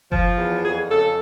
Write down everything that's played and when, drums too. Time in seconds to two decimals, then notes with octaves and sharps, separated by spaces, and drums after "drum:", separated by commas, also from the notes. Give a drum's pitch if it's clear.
0.12 F3, drum: kick F#1
0.38 E2
0.63 F2 G#4
0.89 C#3 A4